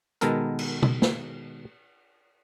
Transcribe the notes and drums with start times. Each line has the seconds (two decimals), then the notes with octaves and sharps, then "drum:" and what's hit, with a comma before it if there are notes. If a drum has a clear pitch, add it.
0.21 B2 D#3 G#3 B3 A4 A#4, drum: hi-hat
0.59 drum: cymbal
0.82 drum: tom B2
1.02 drum: snare